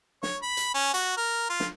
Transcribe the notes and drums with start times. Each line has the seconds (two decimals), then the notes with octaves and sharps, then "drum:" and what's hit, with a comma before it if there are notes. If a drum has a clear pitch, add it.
0.23 C#5, drum: snare
0.43 B5
0.57 drum: hi-hat
0.74 C#4
0.94 F#4, drum: hi-hat
1.17 A#4
1.50 F4
1.60 drum: snare